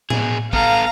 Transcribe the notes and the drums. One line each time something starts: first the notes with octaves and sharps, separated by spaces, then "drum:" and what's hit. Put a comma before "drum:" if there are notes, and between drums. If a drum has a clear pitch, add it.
B2 G#4, drum: tom A2
B3 A4 F5 A#5, drum: kick A1